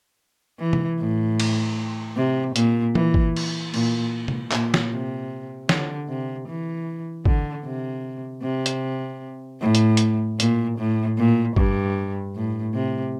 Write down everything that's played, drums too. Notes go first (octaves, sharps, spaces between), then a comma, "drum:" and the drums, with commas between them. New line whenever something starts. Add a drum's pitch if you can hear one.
E3
drum: tom C3
A2
drum: cymbal
C3
A#2, drum: hi-hat
E3, drum: tom E3
drum: kick
drum: cymbal
A#2, drum: cymbal
drum: tom C3
A#2, drum: clap
drum: snare
C3
D3, drum: snare
C3
E3
D3, drum: kick
C3
C3
drum: hi-hat
A2
drum: hi-hat
drum: hi-hat
A#2, drum: hi-hat
A2
A#2
G2, drum: kick
A2
C3